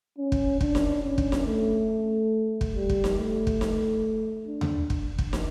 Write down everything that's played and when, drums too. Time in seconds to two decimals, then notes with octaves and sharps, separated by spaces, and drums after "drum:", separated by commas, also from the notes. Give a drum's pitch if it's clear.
0.18 C#4
0.32 drum: kick
0.61 D4, drum: kick
0.75 drum: snare
1.03 C#4
1.18 drum: kick
1.32 drum: snare
1.46 A3
2.61 drum: kick
2.75 G3
2.89 drum: kick
3.04 drum: snare
3.18 A3
3.47 drum: kick
3.61 drum: snare
4.47 D4
4.61 drum: tom D#2
4.90 drum: kick
5.18 drum: kick
5.33 drum: snare